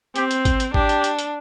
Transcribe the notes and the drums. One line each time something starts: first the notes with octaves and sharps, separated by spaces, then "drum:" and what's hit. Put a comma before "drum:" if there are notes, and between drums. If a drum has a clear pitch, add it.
C4 G4, drum: hi-hat
drum: hi-hat
drum: kick G#1, hi-hat
drum: hi-hat
D4 G4, drum: kick G#1
drum: hi-hat
drum: hi-hat
drum: hi-hat